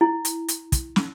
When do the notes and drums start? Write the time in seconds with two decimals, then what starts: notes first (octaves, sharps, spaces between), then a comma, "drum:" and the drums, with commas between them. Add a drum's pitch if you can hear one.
0.01 E4
0.25 drum: hi-hat
0.48 drum: hi-hat
0.72 drum: kick, hi-hat
0.96 drum: snare